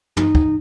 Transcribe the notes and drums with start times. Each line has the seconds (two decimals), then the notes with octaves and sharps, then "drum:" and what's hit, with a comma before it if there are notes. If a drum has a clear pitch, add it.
0.17 D#4, drum: tom
0.35 drum: kick